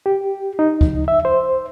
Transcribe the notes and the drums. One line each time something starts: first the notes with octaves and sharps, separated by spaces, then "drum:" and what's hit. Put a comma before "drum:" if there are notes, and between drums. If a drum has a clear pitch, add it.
G4
D#4
drum: kick D2
E5
C5